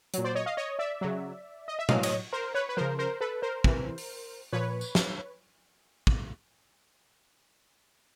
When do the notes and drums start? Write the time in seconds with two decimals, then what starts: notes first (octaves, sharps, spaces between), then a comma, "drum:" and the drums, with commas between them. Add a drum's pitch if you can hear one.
0.14 A#2 F#3, drum: hi-hat
0.24 C5 D5
0.35 C#5 D#5
0.46 D#5 F5
0.57 C#5 D#5
0.79 D5 E5
1.01 C#3 F#3
1.68 D#5
1.79 E5
1.89 A2 F#3 D#5 F5, drum: tom B2
2.03 C#5 D#5, drum: cymbal
2.33 A#4 C5
2.54 B4 C#5
2.69 B4
2.77 C#3 F3 A#4 C5
2.99 A#4 C5
3.21 A4 B4
3.42 A#4 C5
3.64 C3 E3, drum: kick
3.98 drum: open hi-hat
4.53 A#2 F3 B4 C#5
4.81 drum: tambourine
4.95 drum: snare
6.07 drum: kick